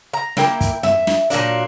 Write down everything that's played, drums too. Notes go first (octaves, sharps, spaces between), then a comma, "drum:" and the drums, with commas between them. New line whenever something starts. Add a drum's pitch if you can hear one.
A#5
D3 A#3 E4 G5, drum: snare
drum: kick, hi-hat
E5, drum: tom
drum: snare
A#2 F#3 A#3 D4, drum: hi-hat